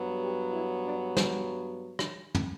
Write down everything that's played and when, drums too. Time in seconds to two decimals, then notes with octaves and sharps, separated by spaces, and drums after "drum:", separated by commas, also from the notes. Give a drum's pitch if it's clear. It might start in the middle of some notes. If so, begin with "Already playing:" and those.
Already playing: G2 F#3 B3
0.21 G4
0.53 E4
0.85 D4
1.17 C#4, drum: snare
1.99 drum: rim click
2.35 drum: tom